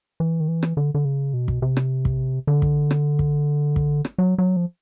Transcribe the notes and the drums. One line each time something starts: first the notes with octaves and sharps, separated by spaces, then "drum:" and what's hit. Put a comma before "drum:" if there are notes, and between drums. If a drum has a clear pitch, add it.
E3
D#3
E3
drum: rim click
D3
D3
C#3
B2
drum: kick
C3
drum: rim click
drum: kick
D3
drum: kick
drum: rim click
drum: kick
drum: kick
drum: rim click
F#3
F#3
F3